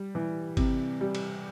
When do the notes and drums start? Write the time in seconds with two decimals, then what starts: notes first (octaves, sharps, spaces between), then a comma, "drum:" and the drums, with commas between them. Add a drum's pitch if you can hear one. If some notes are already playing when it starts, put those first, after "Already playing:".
Already playing: G3
0.15 E3
0.57 C3, drum: kick, cymbal
1.01 G3
1.15 drum: cymbal